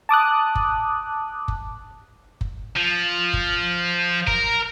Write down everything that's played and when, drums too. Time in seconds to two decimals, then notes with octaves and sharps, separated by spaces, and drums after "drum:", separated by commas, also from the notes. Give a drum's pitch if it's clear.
0.09 A5 D6 D#6 F#6
0.55 drum: kick F#1
1.48 drum: kick F#1
2.41 drum: kick F#1
2.76 F3
3.33 drum: kick F#1
4.27 A#4, drum: kick F#1